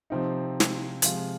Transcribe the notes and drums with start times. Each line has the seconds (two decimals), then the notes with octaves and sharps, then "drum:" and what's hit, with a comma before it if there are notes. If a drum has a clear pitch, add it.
0.10 C3 F3 C4 D#4
0.60 drum: snare
1.02 C3 F3 G#3 F4, drum: hi-hat